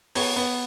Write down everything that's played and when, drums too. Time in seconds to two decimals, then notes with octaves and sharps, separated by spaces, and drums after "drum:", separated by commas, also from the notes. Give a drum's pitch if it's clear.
0.15 B3 C#5, drum: open hi-hat
0.36 B3